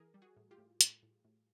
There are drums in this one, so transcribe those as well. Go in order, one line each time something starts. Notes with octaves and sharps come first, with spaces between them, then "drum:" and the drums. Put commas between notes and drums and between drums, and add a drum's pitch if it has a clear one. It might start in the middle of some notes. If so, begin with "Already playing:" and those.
Already playing: E3 G#4 A#4
G3
F#4 G#4
A2
F4 G4
A2
A2, drum: hi-hat
A2
A2